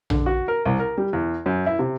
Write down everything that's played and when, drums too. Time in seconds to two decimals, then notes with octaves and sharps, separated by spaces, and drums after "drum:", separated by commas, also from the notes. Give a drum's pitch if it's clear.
0.10 D3, drum: tom A#1
0.26 F#4
0.48 A#4
0.65 C2
0.79 A#4
0.98 G3
1.13 E2
1.46 F#2
1.66 E4
1.79 C3